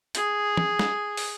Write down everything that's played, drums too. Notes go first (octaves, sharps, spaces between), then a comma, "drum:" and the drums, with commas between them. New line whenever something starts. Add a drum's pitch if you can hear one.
G#4, drum: hi-hat
drum: tom
drum: snare
drum: open hi-hat